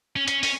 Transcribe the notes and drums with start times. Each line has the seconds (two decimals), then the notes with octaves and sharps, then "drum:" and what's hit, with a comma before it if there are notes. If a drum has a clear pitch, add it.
0.16 C#4
0.28 C#4, drum: hi-hat
0.43 C#4, drum: open hi-hat